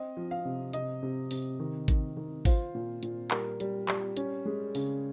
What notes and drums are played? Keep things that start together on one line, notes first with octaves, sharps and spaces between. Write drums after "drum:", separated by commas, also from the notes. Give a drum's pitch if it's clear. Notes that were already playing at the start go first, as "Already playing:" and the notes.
Already playing: C4 D#5
F3
F5
C3
C3 D#5, drum: hi-hat
C3
C3, drum: open hi-hat
D#3
D#3, drum: kick G#1, hi-hat
D#3
F4 C5, drum: kick G#1, open hi-hat
A#2
A#2, drum: hi-hat
G3 A#4, drum: clap
G3, drum: hi-hat
G3, drum: clap
C#4, drum: hi-hat
G#3
C#3, drum: open hi-hat